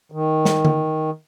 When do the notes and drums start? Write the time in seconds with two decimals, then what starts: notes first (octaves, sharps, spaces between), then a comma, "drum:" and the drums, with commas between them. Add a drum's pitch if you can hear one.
0.12 D#3
0.45 drum: snare
0.65 drum: tom D3